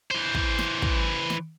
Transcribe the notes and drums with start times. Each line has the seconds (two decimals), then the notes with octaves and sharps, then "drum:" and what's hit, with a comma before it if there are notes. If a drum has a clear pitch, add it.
0.11 E3 C5
0.35 drum: kick
0.58 drum: snare
0.82 drum: kick
1.30 drum: snare